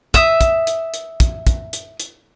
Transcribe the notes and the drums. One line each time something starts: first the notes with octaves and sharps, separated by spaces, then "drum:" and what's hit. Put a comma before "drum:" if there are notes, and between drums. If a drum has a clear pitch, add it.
E5 D#6, drum: kick, hi-hat
drum: kick, hi-hat
drum: hi-hat
drum: hi-hat
drum: kick, hi-hat
drum: kick, hi-hat
drum: hi-hat
drum: hi-hat